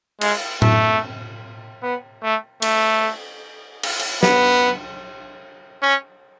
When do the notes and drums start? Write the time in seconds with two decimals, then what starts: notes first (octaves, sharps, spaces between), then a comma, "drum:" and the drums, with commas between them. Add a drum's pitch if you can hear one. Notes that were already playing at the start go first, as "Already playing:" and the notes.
0.21 G#3, drum: cymbal
0.62 A3, drum: tom A2
1.83 B3
2.23 A3
2.62 A3, drum: cymbal
3.83 drum: cymbal
3.99 drum: cymbal
4.23 B3, drum: snare
5.82 C#4